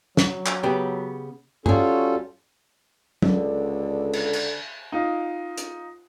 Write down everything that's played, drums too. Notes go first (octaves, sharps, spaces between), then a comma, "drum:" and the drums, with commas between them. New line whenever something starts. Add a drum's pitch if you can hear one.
F#3, drum: snare
drum: clap
C#3 B3 G4
G3 C#4 F4 F#4 G#4 A4, drum: tom
C#2 D3, drum: tom
drum: cymbal
drum: cymbal
D#4 F4
drum: hi-hat